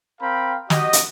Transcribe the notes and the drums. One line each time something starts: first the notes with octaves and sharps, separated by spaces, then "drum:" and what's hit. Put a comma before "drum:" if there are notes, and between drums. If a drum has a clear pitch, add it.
C4 A#4 F5 G5 B5
F#4 G4 D#5, drum: snare
drum: hi-hat